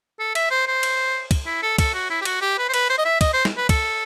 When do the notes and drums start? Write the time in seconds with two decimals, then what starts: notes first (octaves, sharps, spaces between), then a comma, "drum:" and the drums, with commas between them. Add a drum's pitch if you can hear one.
0.20 A4
0.35 E5, drum: cymbal
0.51 C5
0.67 C5
0.83 drum: cymbal
1.31 drum: kick, cymbal
1.46 E4
1.62 A4
1.78 A4, drum: kick, cymbal
1.94 F#4
2.10 E4
2.21 G4
2.25 F#4, drum: cymbal
2.41 G4
2.58 B4
2.69 C5
2.74 B4, drum: cymbal
2.89 C5
2.98 D#5
3.05 E5
3.21 D#5, drum: kick, cymbal
3.33 C5
3.45 drum: snare
3.57 B4
3.69 A4, drum: kick, cymbal